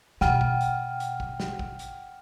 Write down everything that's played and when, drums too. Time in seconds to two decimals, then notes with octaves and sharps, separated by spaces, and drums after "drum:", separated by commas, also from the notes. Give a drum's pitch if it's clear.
0.21 B2 F#5 G5 F6, drum: snare
0.41 drum: kick
0.61 drum: hi-hat
1.00 drum: hi-hat
1.20 drum: kick
1.40 drum: snare
1.59 drum: kick
1.79 drum: hi-hat